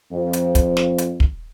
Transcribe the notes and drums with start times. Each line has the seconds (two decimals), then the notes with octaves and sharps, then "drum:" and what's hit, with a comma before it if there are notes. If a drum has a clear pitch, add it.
0.12 F2
0.33 drum: hi-hat
0.55 drum: kick, hi-hat
0.77 drum: snare
0.98 drum: hi-hat
1.20 drum: kick